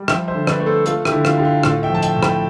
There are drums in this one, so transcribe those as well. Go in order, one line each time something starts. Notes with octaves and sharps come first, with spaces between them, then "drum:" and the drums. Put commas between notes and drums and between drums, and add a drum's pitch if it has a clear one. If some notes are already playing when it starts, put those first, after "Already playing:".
Already playing: G3
F3 E5 G5, drum: rim click
C5 E5
D3
B4 D5, drum: rim click
A3
A4 C5
A3 F4 A4, drum: hi-hat
E4 G4, drum: rim click
D3
F4, drum: rim click
D3 G4
F4
A2 F4 A4, drum: rim click
E5 G5
F3 A5
E5 G5, drum: hi-hat
A2
G5 B5, drum: rim click